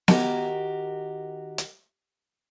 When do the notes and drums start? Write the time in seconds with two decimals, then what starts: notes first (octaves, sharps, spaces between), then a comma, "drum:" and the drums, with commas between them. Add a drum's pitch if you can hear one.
0.08 D#3 F#4 G4 A#4, drum: snare B3
1.58 drum: hi-hat